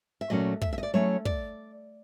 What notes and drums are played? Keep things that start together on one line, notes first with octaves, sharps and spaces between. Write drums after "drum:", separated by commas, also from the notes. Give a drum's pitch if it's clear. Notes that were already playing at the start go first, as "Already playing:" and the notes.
E5
A#2 F#3 A3 C#4 D#5
E5, drum: kick
E5
D#5
D5
F#3 A3 C#4 E4 C#5
D5, drum: kick